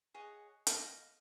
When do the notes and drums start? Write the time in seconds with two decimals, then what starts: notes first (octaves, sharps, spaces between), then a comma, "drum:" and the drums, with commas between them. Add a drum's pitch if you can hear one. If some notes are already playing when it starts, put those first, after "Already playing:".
0.14 G#4 C#5 D#5 F#5
0.67 D#5 F5, drum: hi-hat